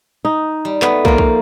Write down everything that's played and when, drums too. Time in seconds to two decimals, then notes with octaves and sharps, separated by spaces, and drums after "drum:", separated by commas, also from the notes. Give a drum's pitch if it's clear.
0.25 D#4
0.65 G3
0.82 A3 B3, drum: clap
1.05 F3 A#3 F4, drum: kick
1.18 drum: kick